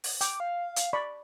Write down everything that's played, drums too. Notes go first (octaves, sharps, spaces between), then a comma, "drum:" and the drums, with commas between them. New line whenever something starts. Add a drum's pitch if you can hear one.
drum: open hi-hat
G5 D6, drum: hi-hat
F5
drum: hi-hat
D5 B5 C#6